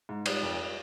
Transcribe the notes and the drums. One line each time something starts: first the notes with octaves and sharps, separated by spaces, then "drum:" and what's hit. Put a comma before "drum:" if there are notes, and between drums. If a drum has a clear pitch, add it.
G#2
G3, drum: cymbal
F2